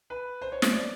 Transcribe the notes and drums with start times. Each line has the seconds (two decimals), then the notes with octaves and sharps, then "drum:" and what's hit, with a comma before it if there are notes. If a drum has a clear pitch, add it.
0.10 B4
0.42 C5
0.52 C#5
0.62 C5, drum: snare
0.73 D5